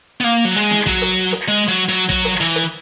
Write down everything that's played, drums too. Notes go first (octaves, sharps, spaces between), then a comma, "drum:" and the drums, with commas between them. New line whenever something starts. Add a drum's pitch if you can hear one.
B3
A#3
F#3
G#3
drum: snare
F#3, drum: kick
drum: hi-hat
drum: hi-hat
G#3
F#3
F#3
F#3, drum: kick
drum: hi-hat
E3
drum: hi-hat